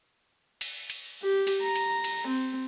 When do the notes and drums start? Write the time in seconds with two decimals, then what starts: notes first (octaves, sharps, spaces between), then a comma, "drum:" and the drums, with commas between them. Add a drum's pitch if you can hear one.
0.61 drum: cymbal
0.90 drum: cymbal
1.22 G4
1.47 drum: cymbal
1.61 A#5
1.76 drum: cymbal
2.04 drum: cymbal
2.27 C4